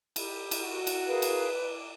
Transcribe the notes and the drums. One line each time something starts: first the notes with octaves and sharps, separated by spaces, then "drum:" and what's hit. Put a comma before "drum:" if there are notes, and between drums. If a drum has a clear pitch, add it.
G4 B5, drum: cymbal
drum: cymbal
F#4
drum: cymbal
G#4 A#4 B4 F5
drum: cymbal
D6